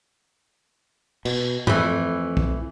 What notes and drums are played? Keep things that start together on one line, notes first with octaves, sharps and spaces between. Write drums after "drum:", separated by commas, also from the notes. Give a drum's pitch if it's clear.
B2, drum: cymbal
F2 E3 A3, drum: tom G2
drum: kick